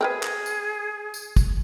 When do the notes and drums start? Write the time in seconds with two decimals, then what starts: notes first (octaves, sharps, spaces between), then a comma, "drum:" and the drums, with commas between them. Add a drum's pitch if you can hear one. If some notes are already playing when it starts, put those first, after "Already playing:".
0.01 C4 G#4 A#4 B4
0.23 drum: clap
0.46 drum: tambourine
1.14 drum: tambourine
1.36 drum: kick, tambourine